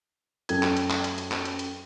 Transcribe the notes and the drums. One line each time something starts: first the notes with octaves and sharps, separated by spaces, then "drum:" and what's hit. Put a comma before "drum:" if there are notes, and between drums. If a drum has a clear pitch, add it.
F#2 A4 G5 G#6, drum: hi-hat
drum: clap
drum: hi-hat
drum: clap
drum: hi-hat
drum: hi-hat
drum: clap
drum: hi-hat
drum: hi-hat